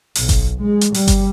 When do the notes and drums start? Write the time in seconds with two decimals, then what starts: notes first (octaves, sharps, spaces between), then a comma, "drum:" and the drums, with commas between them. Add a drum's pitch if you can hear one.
0.15 B1, drum: open hi-hat
0.29 drum: kick G1, hi-hat
0.61 G#3
0.81 drum: hi-hat
0.94 G3, drum: open hi-hat
1.08 drum: kick G1, hi-hat